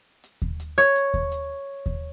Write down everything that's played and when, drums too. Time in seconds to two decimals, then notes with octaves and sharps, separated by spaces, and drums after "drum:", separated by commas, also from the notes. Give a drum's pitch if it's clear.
0.24 drum: hi-hat
0.42 drum: kick D#2
0.60 drum: hi-hat
0.78 C#5
0.96 drum: hi-hat
1.14 drum: kick D#2
1.32 drum: hi-hat
1.86 drum: kick D#2